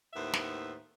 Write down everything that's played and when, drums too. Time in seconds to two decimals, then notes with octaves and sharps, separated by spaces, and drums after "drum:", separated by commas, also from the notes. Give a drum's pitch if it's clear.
0.14 D#2 A2 D#3 B3 C5 E5
0.34 drum: snare